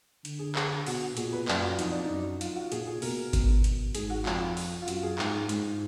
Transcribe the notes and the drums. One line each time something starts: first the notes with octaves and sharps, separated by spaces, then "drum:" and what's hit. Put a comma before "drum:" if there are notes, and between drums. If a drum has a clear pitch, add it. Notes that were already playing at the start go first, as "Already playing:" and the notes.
D3, drum: hi-hat
G#4
G#4, drum: clap
B2 F#4, drum: open hi-hat
F#4
A#2 G#4, drum: hi-hat
B4
F#2 D5, drum: clap
F4
F#4
F2 D#4, drum: hi-hat
D4
D#4
F#2
F4, drum: hi-hat
F#4
A#2 G#4, drum: hi-hat
G#4
B2 A#4, drum: open hi-hat
drum: kick G#1, hi-hat
drum: hi-hat
G#2 G#4, drum: hi-hat
F#4
F2 F4, drum: clap
drum: open hi-hat
F4
F#2 F#4, drum: hi-hat
G#4
G#2, drum: clap
G#2, drum: hi-hat